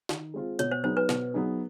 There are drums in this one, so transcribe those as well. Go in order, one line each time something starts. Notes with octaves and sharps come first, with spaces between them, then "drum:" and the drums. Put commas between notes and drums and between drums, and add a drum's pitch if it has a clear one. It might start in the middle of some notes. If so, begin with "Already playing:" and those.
D#3, drum: snare
G#3 C4 F4
B2 C#5, drum: hi-hat
C5
F#3 B3 D#4 G#4 C5
B4
B2, drum: snare
F#3 B3 D#4 G#4